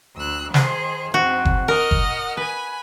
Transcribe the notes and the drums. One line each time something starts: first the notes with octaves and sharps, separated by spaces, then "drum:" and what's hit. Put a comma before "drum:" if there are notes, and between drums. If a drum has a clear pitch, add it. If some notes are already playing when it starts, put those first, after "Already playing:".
D2 E6 F#6
D#3 G#4 C5, drum: snare
E2 G#2 C4 F#4
drum: kick F#1
A#4 D#5 F#5 F6
drum: kick F#1
B4 G#5 B5